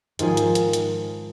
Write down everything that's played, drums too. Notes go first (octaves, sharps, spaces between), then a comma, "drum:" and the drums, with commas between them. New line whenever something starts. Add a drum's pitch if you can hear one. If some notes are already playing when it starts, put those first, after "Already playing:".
G#2 D#3 F3 G#4, drum: hi-hat
drum: hi-hat
drum: hi-hat
drum: hi-hat